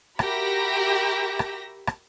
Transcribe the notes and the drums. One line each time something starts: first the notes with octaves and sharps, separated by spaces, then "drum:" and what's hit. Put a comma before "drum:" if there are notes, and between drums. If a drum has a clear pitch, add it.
F#4 G4 A#4 E5 B5 A#6, drum: rim click
drum: rim click
drum: rim click